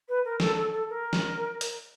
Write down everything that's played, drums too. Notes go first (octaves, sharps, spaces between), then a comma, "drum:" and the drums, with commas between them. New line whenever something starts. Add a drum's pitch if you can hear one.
B4
A#4
A4, drum: snare
A4
A4
A#4
drum: snare
drum: hi-hat